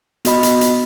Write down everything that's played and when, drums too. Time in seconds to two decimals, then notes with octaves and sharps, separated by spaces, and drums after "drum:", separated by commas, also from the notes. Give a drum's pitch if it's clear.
0.25 B3 F#4 D#5 B5, drum: hi-hat
0.43 drum: hi-hat
0.61 drum: hi-hat